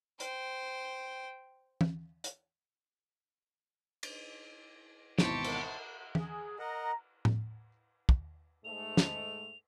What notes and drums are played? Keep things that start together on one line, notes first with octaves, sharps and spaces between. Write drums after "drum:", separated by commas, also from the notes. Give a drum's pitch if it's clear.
C5 G5, drum: hi-hat
drum: tom E3
drum: hi-hat
drum: cymbal
G#1 B2 E3 E4 G4 C5 A5 C#6, drum: snare
drum: cymbal
G#4, drum: tom E3
A#4 D#5 F#5 A#5
drum: tom A2
drum: kick
G#2 G#3 A3 F7
drum: snare